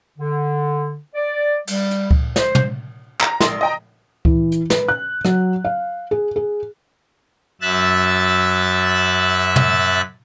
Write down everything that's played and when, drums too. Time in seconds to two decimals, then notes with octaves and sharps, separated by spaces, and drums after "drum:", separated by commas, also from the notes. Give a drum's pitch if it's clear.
0.18 D3
1.15 D5
1.67 G3, drum: cymbal
1.91 drum: hi-hat
2.11 drum: kick C#2
2.36 C5, drum: snare
2.55 drum: tom
3.21 A#5, drum: clap
3.40 A#1 C6, drum: snare
3.61 D#5 G5 A#5
4.25 E3, drum: kick C#2
4.52 drum: hi-hat
4.70 B4, drum: snare
4.88 F#6
5.25 F#3, drum: rim click
5.65 F5
6.11 G#4
6.36 G#4
7.61 F#2 E5 E6 F#6 A6
9.56 drum: tom